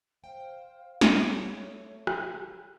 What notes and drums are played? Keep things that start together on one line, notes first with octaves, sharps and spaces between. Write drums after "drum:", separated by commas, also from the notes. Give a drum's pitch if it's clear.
C5 F5 G5
A3 A4 C#5, drum: snare
F#4, drum: rim click